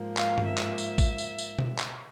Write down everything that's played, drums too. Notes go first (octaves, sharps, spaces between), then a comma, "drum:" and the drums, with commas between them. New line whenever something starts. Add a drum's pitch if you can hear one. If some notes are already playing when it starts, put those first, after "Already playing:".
Already playing: G#2 F3 A#3
F5, drum: clap
drum: tom G2
E5
drum: clap
drum: tambourine
drum: kick A1, tambourine
drum: tambourine
drum: tambourine
drum: tom B2
drum: clap